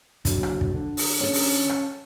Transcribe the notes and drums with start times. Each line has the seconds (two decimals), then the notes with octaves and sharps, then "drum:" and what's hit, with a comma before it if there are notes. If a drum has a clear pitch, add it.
0.25 F#1 D3 F#3, drum: kick, hi-hat
0.43 drum: rim click
0.61 drum: kick
0.74 D3
0.97 drum: open hi-hat
1.20 C#4 A4
1.33 drum: open hi-hat
1.69 drum: rim click